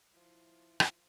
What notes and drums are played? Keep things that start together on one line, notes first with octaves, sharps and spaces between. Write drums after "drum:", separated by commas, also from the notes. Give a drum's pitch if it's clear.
F3 E4
drum: rim click